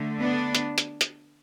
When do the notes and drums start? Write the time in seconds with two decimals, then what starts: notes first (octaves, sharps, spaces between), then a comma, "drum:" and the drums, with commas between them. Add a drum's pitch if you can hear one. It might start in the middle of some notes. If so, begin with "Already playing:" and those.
Already playing: D3 A3
0.20 B3 D4
0.55 drum: hi-hat
0.78 drum: hi-hat
1.01 drum: hi-hat